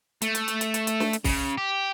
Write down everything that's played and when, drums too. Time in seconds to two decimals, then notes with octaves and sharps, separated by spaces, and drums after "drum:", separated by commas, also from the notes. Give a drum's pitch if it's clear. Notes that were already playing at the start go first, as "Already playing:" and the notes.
0.22 A3, drum: hi-hat
0.35 drum: hi-hat
0.48 drum: hi-hat
0.61 drum: hi-hat
0.74 drum: hi-hat
0.87 drum: hi-hat
1.00 drum: snare
1.13 drum: hi-hat
1.24 C#3, drum: kick, open hi-hat
1.58 G4